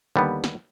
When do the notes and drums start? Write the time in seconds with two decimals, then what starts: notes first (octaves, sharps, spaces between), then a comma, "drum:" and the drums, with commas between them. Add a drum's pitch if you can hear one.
0.16 D#2 D3 G3 B3
0.44 drum: snare